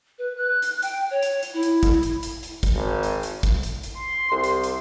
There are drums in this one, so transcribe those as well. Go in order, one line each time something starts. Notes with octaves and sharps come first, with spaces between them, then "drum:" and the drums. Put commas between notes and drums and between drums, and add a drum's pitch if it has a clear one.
B4
F#6
drum: hi-hat
G5, drum: hi-hat
C#5
drum: hi-hat
drum: hi-hat
E4
drum: hi-hat
drum: kick, hi-hat
drum: hi-hat
drum: hi-hat
drum: hi-hat
drum: kick, hi-hat
G#1
drum: hi-hat
drum: hi-hat
drum: kick, hi-hat
drum: hi-hat
drum: hi-hat
C6
C2
drum: hi-hat
drum: hi-hat